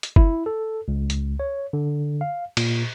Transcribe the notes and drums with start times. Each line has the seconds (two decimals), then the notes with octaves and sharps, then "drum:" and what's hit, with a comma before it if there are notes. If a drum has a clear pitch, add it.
0.03 drum: hi-hat
0.16 E4, drum: kick F#1
0.46 A4
0.88 C#2
1.10 drum: hi-hat
1.40 C#5
1.73 D3
2.21 F5
2.57 A#2, drum: cymbal